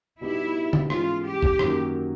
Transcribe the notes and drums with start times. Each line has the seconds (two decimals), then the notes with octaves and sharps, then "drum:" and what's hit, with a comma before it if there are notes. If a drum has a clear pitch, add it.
0.21 B2 G3 B3 D#4 E4 G4
0.73 drum: tom
0.90 G#2 E3 G#3 C#4 F4, drum: rim click
1.25 G4
1.43 drum: kick A1
1.59 F#2 D#3 F#3 A#3 C#4, drum: rim click